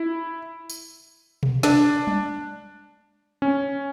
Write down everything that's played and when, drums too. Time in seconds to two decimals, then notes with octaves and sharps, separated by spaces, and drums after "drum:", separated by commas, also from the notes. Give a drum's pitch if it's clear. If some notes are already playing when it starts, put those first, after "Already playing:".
Already playing: E4
0.70 drum: tambourine
1.43 drum: tom B2
1.63 D4, drum: snare
2.07 drum: tom G3
3.42 C#4